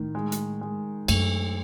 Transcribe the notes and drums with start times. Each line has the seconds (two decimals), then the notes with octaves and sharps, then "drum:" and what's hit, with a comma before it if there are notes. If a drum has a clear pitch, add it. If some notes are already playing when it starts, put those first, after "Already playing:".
Already playing: A2 D#3
0.15 G#3
0.32 drum: hi-hat
0.61 G#3
1.08 F#2 A3, drum: cymbal